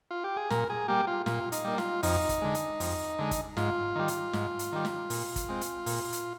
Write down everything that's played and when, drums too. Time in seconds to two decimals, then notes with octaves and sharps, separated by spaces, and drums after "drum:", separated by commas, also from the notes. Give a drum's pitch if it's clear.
0.11 F4
0.24 G4
0.37 G#4
0.50 A#2 A#4, drum: snare
0.70 G#4
0.88 G3 A#3 G4
1.07 F4
1.26 A#2 F4, drum: snare
1.52 D#4, drum: hi-hat
1.65 G3 A#3
1.78 F4, drum: snare
2.03 F2 D#4, drum: open hi-hat
2.29 drum: kick, hi-hat
2.42 D3 G#3
2.55 drum: hi-hat
2.80 F2, drum: open hi-hat
3.19 D3 G#3
3.31 drum: kick, hi-hat
3.57 G#2 F4, drum: snare
3.96 D#3 G3
4.08 drum: hi-hat
4.33 G#2, drum: snare
4.59 drum: hi-hat
4.72 D#3 G3
4.85 drum: snare
5.10 A#2, drum: open hi-hat
5.36 drum: kick, hi-hat
5.49 G#3 C4
5.61 drum: hi-hat
5.86 A#2, drum: open hi-hat
6.12 drum: hi-hat